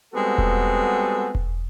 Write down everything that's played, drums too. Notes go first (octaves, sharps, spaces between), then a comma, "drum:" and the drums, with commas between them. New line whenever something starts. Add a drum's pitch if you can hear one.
G3 G#3 B3 C4 F#4 A4
drum: kick E1
drum: kick E1